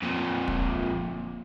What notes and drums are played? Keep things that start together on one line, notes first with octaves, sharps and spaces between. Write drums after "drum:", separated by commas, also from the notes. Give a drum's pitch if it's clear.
F2 A#2
drum: kick